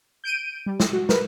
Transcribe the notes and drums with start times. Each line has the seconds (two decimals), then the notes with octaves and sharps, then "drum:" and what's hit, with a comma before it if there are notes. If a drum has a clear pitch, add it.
0.24 G6 D7 D#7
0.66 G3
0.80 drum: snare
0.93 F#4
1.09 A#4 B4, drum: snare